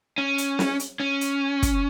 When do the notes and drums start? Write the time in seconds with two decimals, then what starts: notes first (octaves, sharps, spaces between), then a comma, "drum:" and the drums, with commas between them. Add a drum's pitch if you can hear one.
0.18 C#4
0.38 drum: hi-hat
0.59 drum: snare
0.80 drum: hi-hat
1.00 C#4
1.21 drum: hi-hat
1.63 drum: kick, hi-hat